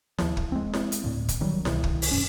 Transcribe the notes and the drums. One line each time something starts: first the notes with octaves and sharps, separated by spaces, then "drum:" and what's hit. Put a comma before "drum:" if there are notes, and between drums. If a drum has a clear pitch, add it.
D#2 F3, drum: snare E4
drum: kick
G#3 C4
drum: snare E4
drum: hi-hat
D2 A2
drum: kick, hi-hat
A#1 D#3 F#3 G3
C2 B2 D#3, drum: snare E4
drum: kick
drum: open hi-hat
E1 F#2 C#4